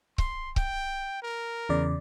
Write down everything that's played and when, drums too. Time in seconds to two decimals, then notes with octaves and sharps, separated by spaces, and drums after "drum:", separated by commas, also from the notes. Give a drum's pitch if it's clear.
0.18 C6, drum: kick C#1
0.56 G5, drum: kick C#1
1.22 A#4
1.69 E2 C#3 D5